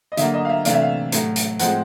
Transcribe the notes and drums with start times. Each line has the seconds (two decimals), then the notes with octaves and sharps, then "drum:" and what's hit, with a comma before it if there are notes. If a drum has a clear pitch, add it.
0.12 D#5
0.17 D3 F#3 A#3 E5, drum: hi-hat
0.34 D#5
0.45 F5
0.49 E5
0.65 C3 E3 A3 D4 F5, drum: hi-hat
0.73 E5
0.81 F5
1.12 A2 F#3 A3, drum: hi-hat
1.36 drum: hi-hat
1.59 A2 F3 G#3 C4 F#5, drum: hi-hat